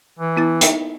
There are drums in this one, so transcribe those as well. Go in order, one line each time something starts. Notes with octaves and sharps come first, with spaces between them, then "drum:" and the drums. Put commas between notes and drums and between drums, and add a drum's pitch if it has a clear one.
E3
B3 E4 A6
D#4 E5, drum: hi-hat